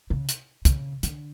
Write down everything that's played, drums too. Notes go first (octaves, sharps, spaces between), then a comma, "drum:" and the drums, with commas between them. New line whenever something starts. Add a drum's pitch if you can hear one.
C#3
drum: hi-hat
C#3, drum: kick, hi-hat
D3, drum: hi-hat